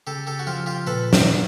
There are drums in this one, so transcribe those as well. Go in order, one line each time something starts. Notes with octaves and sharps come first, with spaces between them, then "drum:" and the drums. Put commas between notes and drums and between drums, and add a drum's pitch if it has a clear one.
C#3 G4 A4
G4 A4
F#4
F3 F4 G4
F4 G4
A#2 A4 B4
drum: snare
F#3